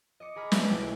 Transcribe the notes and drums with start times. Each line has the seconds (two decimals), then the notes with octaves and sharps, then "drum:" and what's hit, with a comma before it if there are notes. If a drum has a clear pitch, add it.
0.20 D#5 D6 C#7
0.36 G#4 A#5 B5 F6
0.52 B4 D5 E5 A5, drum: snare
0.68 B1 G#3 E4 G5 A#6 D7